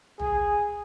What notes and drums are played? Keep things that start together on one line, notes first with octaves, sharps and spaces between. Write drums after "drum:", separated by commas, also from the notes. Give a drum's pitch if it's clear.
G#4, drum: tom A#1